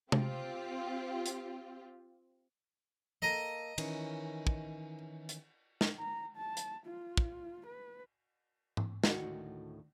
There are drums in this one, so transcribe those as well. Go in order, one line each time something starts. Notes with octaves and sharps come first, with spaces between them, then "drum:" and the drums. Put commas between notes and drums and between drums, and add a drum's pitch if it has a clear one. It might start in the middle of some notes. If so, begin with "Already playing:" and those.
C4 F4 G4, drum: tom C3
drum: hi-hat
A#3 A4 D#5 A#5
D#3 E3 C#4, drum: cymbal
drum: kick
drum: hi-hat
drum: snare
A#5
A5
drum: hi-hat
F4
drum: kick
B4
drum: tom G#2
D2 A2 D#3 D4 F#4 F#5, drum: snare